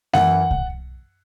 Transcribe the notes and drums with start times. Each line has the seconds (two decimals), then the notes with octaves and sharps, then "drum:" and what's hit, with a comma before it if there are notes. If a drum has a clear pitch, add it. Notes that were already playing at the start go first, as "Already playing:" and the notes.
0.13 F#2 E3 F#5, drum: snare G#3
0.51 drum: kick C2